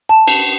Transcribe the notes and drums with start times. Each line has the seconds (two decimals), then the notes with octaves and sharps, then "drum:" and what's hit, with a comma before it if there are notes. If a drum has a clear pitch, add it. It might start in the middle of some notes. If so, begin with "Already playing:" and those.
0.09 A5
0.28 drum: cymbal